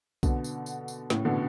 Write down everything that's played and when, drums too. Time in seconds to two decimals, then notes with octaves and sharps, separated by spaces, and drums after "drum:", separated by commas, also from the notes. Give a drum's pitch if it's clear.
0.23 B2 D3, drum: kick B1, tambourine
0.44 drum: tambourine
0.66 drum: tambourine
0.88 drum: tambourine
1.10 A2 C#3, drum: snare
1.25 B2 D3